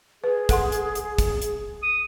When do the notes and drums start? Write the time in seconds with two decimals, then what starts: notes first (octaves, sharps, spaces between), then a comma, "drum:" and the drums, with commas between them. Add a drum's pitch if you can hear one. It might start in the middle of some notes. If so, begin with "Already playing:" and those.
0.24 G#4 B4
0.49 A4 F#5 C6, drum: kick, hi-hat
0.72 drum: hi-hat
0.95 drum: hi-hat
1.18 drum: kick, hi-hat
1.42 drum: hi-hat
1.82 D#6